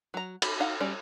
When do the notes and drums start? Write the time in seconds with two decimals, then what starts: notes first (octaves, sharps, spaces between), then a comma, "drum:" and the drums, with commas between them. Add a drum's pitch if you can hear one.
0.14 F#3 A#5
0.42 B5, drum: cymbal
0.60 D#4 F5 F#5
0.80 G3 C#4 D5